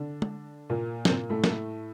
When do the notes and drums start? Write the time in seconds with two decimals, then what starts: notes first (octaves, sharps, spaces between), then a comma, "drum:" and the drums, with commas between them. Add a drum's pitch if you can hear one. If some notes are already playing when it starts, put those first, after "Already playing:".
Already playing: D3 D4
0.22 drum: tom
0.70 A#2 A#3
1.05 C4, drum: snare
1.10 A#2 A#3
1.30 A2 A3
1.44 A#3, drum: snare
1.50 A2 A3